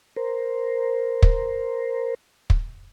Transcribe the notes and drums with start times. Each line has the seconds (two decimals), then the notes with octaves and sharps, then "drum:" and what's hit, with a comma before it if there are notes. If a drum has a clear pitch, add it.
0.16 A#4 C5
1.23 drum: kick
2.50 drum: kick